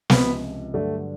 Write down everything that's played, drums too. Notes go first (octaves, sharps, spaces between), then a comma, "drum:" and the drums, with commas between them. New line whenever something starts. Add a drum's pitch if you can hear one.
C#2 C3 F3 B3, drum: snare
G2 D3 F#3 A3